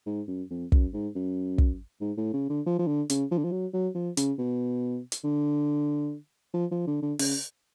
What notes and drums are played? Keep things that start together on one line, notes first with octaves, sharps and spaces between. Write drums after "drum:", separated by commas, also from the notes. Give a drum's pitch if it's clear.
G#2
F#2
F2
F#2, drum: kick
G#2
F#2
drum: kick
G#2
A2
C#3
D3
F3
F3
D3
C#3, drum: hi-hat
F3
D3
F3
F#3
F#3
F3
C#3, drum: hi-hat
B2
drum: hi-hat
D3
F3
F3
D3
D3
C#3, drum: open hi-hat